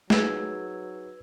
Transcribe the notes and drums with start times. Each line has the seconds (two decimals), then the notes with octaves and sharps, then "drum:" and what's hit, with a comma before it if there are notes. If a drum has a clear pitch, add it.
0.10 F#3 D#4 G#4 B4 E6 G#6, drum: snare